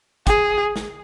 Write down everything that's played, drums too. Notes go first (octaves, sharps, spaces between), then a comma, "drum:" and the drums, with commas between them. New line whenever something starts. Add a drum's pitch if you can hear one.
G#4, drum: kick, hi-hat
drum: snare